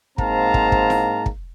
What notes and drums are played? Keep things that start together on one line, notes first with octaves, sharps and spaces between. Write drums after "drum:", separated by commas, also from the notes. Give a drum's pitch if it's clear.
G#2 A#3 C4 F5 A5 A#5, drum: kick
drum: kick
drum: kick
drum: snare E4
drum: kick